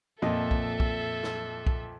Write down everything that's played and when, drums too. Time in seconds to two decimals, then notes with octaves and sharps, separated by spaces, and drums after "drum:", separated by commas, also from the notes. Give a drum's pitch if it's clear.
0.22 F2 A#2 A4 D#5 E5
0.51 drum: kick B1
0.80 drum: kick B1
1.23 drum: snare
1.67 drum: kick B1